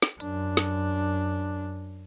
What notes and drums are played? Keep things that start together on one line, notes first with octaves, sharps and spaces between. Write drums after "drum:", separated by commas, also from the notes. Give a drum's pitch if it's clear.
drum: snare
F#2 D4, drum: hi-hat
drum: snare